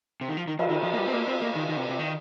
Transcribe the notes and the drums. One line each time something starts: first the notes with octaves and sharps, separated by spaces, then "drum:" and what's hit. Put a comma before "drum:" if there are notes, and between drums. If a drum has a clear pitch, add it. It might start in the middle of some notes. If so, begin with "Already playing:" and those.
C3
D#3
F3
D#3
F3, drum: cymbal
D#3
F3
A#3
G3
C4
A#3
C4
A#3
D#3
D#3
C3
C3
D#3